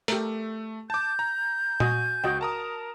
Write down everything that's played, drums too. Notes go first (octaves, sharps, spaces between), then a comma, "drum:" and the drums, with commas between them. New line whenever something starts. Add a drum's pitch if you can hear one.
A3 G4 A#4, drum: hi-hat
A5 D6 G6
A#5
F#4 D#5 G#5, drum: tom A#2
C#2 F#4 D#5 G5
A#4 A5 A#5 D#6